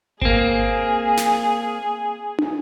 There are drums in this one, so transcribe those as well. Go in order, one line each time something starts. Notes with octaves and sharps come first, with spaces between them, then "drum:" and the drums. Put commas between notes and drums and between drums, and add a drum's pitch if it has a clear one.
A#3 C4 G#4, drum: kick G#1
drum: snare
drum: tom